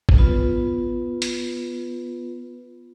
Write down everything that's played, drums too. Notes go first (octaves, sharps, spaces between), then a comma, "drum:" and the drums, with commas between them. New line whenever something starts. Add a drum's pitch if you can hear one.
drum: kick A1
B3 F4 B4
drum: hi-hat